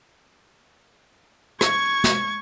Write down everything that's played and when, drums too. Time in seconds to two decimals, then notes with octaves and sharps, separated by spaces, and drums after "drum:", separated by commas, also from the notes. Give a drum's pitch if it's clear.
1.61 C#6 G#6, drum: rim click
2.04 drum: snare